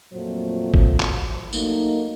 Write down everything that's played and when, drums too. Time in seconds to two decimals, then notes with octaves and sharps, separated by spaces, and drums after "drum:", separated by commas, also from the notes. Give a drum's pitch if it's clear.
0.13 F2 A#2 F#3 A3 C5
0.74 drum: kick G#1
1.00 drum: clap
1.53 F#3 A3 A#3 D#4, drum: tambourine